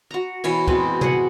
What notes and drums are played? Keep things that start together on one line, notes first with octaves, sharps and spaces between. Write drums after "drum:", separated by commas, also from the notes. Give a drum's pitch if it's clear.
F#4 A#5
B2 E3 C#5, drum: cymbal
B2 G#3 C4 B4, drum: kick
G#4 F#5, drum: tom